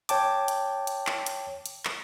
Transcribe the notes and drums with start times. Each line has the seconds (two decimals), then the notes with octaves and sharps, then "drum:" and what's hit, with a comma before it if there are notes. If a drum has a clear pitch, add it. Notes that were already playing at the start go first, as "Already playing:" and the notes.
0.09 C#5 G5 A5 D6, drum: hi-hat
0.48 drum: hi-hat
0.87 drum: hi-hat
1.07 drum: clap
1.26 drum: hi-hat
1.66 drum: hi-hat
1.85 drum: clap